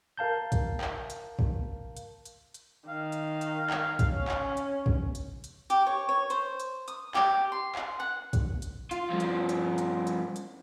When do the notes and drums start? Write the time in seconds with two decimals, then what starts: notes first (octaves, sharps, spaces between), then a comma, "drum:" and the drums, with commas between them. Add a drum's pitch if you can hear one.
0.18 A#4 F5 A5 G6
0.52 drum: kick, hi-hat
0.81 drum: clap
1.10 drum: hi-hat
1.39 drum: kick
1.97 drum: hi-hat
2.25 drum: hi-hat
2.54 drum: hi-hat
2.89 D#3 F5
3.12 drum: hi-hat
3.41 drum: hi-hat
3.70 drum: clap
3.99 drum: kick, hi-hat
4.13 C#4
4.28 drum: clap
4.57 drum: hi-hat
4.86 drum: kick
5.15 drum: hi-hat
5.44 drum: hi-hat
5.70 G4, drum: hi-hat
5.87 C#5
6.09 C#5
6.30 C5, drum: hi-hat
6.60 drum: hi-hat
6.88 D#6, drum: hi-hat
7.15 G4, drum: clap
7.52 C6
7.75 drum: clap
8.00 F#5
8.33 drum: kick, hi-hat
8.62 drum: hi-hat
8.91 F4, drum: hi-hat
9.10 G2 F3
9.20 drum: hi-hat
9.49 drum: hi-hat
9.78 drum: hi-hat
10.07 drum: hi-hat
10.36 drum: hi-hat